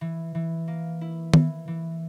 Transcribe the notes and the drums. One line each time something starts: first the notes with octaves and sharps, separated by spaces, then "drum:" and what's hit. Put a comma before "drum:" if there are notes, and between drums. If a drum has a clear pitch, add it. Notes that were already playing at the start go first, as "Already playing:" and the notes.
E3
E3
A#3
E4
E3, drum: tom D#3
E3